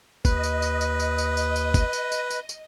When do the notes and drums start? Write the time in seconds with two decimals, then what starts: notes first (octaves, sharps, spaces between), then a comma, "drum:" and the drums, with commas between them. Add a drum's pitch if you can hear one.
0.25 D#2 B4 D#5, drum: kick, tambourine
0.43 drum: tambourine
0.62 drum: tambourine
0.81 drum: tambourine
1.00 drum: tambourine
1.18 drum: tambourine
1.37 drum: tambourine
1.56 drum: tambourine
1.74 drum: kick, tambourine
1.93 drum: tambourine
2.12 drum: tambourine
2.30 drum: tambourine
2.49 drum: tambourine